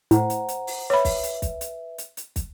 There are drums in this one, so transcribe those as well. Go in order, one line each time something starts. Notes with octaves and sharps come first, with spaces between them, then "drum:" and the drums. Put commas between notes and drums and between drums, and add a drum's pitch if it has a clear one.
A2 C5 F#5 A#5, drum: hi-hat
drum: hi-hat
drum: hi-hat
drum: open hi-hat
B4 C#5 E5 B5
drum: kick, open hi-hat
drum: hi-hat
drum: kick, hi-hat
drum: hi-hat
drum: hi-hat
drum: hi-hat
drum: kick, hi-hat